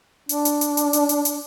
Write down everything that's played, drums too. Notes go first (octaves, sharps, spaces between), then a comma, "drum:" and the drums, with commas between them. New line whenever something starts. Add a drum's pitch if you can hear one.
D4, drum: hi-hat
drum: hi-hat
drum: hi-hat
drum: hi-hat
drum: hi-hat
drum: hi-hat
drum: hi-hat